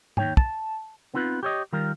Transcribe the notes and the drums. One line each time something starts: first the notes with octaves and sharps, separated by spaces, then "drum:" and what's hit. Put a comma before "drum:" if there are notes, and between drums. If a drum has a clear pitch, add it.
D#2 D#4 C#5 G5, drum: tom
A5, drum: kick
B3 C4 D#4 F4 B4
G4 C#5 D#5
D#3 G3 F4 A#4